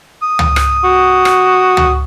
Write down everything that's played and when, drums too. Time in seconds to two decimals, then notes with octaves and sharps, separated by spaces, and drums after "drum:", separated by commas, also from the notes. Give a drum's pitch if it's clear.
0.22 D#6
0.39 drum: tom C#2
0.56 drum: rim click
0.84 F#4
1.25 drum: rim click
1.77 drum: tom C#2